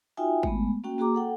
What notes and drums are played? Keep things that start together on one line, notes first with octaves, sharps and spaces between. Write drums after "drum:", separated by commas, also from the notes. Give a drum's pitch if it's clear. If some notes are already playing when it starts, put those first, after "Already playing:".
D#4 F4 F#4 E5 G5 G#5
G#3 A3 B3, drum: kick G#1
A#3 C#4 F#4 G5
A#3 F#4 G#4 A#5 D6
A4 F#5 G5